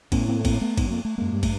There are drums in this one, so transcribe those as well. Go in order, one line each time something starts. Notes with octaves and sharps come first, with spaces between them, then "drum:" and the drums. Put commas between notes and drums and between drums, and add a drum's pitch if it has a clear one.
A2 B3 C#4, drum: kick, cymbal
A#3 C4
A#3 C4, drum: kick, cymbal
A3 B3
G#2 B3, drum: kick, cymbal
F#2
F2 A#3
A3
F#2 G#3 A#3
G2
G3 A3, drum: kick, cymbal